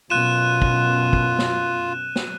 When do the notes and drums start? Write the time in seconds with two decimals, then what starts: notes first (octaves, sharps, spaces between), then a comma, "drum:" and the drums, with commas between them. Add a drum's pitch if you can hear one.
0.10 F#2 B2 F4 F#6 D#7 E7
0.62 drum: kick
1.13 drum: kick
1.39 drum: snare
2.16 drum: snare